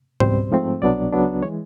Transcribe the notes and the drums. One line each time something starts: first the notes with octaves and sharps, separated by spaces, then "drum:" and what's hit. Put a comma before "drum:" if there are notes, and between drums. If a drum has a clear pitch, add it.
C#2 B2 G3 C4 C5, drum: tom G#2
G#2 F3 A3 C4
C2 B2 F#3 B3 D4 D5
C#2 C#3 F#3 B3 D4
E3 G#3 C#5